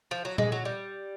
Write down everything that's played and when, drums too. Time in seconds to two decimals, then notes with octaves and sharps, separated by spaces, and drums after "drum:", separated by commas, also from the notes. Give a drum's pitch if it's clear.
0.11 F3
0.25 F#3
0.38 G#3, drum: tom A#2
0.52 F#3
0.65 G3